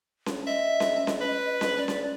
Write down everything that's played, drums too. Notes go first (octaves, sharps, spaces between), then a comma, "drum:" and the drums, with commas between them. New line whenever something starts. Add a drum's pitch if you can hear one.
drum: snare C#4
D#5 E5
drum: snare C#4
drum: snare C#4
B4
drum: snare C#4
D5
drum: snare C#4